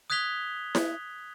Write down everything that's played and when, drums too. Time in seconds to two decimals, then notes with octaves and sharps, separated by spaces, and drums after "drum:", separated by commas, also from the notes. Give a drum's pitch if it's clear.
0.10 D#6 F#6 G#6 B6 F7 G7
0.75 drum: snare E4